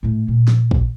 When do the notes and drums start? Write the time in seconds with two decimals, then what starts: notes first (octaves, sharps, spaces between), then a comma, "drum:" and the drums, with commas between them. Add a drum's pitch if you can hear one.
0.03 A2 A3
0.28 A#2
0.48 drum: snare
0.71 drum: kick